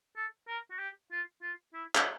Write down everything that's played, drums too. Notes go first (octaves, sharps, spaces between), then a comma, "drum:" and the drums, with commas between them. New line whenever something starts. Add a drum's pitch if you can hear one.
A4
A#4
F#4
G4
F4
F4
E4
drum: clap